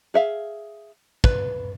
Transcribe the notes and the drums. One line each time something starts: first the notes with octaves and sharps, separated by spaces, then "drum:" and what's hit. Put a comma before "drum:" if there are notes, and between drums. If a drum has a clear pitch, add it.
G#4 E5 F5
B4, drum: kick